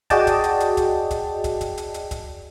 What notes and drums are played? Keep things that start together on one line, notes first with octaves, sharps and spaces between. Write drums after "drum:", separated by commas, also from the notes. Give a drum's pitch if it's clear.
F#4 G#4 D5 D#5 G5 A5, drum: kick, hi-hat
drum: kick, hi-hat
drum: hi-hat
drum: hi-hat
drum: kick, hi-hat
drum: kick, hi-hat
drum: kick, hi-hat
drum: kick, hi-hat
drum: hi-hat
drum: hi-hat
drum: kick, hi-hat